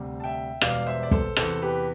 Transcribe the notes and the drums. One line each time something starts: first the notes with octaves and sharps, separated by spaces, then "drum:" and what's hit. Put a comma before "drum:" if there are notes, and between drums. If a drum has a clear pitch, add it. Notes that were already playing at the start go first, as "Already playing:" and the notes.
Already playing: D2 C3 G3
A5
E5 G5
E1 E2 B2 G3 D5 F5, drum: rim click
C5 E5
D5
A4 C5, drum: kick
E2 C3 E3 A4 C5, drum: rim click
G4 B4